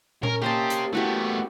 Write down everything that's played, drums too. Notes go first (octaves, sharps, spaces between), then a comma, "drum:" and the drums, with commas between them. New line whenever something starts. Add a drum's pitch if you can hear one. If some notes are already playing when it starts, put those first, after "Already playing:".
C#4 A#4, drum: tom A#2
A#3 G4 C5 D#5 A5
drum: hi-hat
A3 B3 E4 F#4 G4